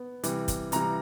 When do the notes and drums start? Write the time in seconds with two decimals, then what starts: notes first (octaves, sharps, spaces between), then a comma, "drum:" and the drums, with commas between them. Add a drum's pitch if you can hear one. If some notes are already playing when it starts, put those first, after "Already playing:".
Already playing: B3
0.24 C3 E3 G3, drum: hi-hat
0.48 drum: kick, hi-hat
0.72 C3 E3 G3 A#5, drum: hi-hat